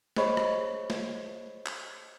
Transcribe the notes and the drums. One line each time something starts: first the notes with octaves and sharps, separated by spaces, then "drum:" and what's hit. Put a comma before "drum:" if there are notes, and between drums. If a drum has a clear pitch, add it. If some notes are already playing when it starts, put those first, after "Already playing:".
G#4 C5 C#5 D#5 B5 C#6, drum: snare
drum: rim click
drum: snare
drum: clap